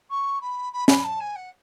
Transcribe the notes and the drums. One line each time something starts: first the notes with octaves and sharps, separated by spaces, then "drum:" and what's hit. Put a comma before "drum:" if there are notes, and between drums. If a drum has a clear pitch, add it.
C#6
B5
B5
B5, drum: snare
A5
G#5
F#5